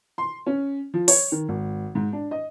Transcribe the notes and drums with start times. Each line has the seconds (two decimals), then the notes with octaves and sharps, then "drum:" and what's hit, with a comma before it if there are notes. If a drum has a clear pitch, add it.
0.18 C6
0.46 C#4
0.94 F3
1.08 C#5, drum: open hi-hat
1.32 D#3
1.49 G#1
1.95 G#2
2.13 D4
2.31 D#5